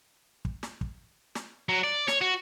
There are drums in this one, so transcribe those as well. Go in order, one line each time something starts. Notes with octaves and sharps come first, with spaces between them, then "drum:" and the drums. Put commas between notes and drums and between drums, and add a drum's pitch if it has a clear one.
drum: kick
drum: snare
drum: kick
drum: snare
F#3
D5
C#5, drum: snare
F#4